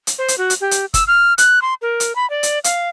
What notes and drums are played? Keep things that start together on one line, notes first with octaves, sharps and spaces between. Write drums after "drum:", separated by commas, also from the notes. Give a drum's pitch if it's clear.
drum: hi-hat
C5
drum: hi-hat
F#4
drum: hi-hat
G4
drum: hi-hat
E6, drum: kick, hi-hat
F6
F#6, drum: hi-hat
C6
A#4
drum: hi-hat
B5
D5
drum: hi-hat
F5, drum: hi-hat